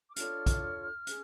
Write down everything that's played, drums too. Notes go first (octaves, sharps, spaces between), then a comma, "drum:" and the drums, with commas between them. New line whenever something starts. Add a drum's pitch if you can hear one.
D6
D4 F4 A4 C#5 F6, drum: hi-hat
drum: kick, hi-hat
C#4 G#4, drum: hi-hat